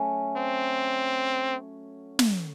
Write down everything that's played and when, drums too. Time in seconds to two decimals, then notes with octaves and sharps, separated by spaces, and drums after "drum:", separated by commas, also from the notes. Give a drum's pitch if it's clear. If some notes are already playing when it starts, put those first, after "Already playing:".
Already playing: F#3 A3 C#4
0.37 C4
2.19 drum: snare